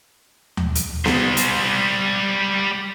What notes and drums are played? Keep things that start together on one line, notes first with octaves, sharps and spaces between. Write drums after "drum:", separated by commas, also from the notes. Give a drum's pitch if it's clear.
drum: tom D#2
drum: hi-hat
G3 C5, drum: snare B3
drum: hi-hat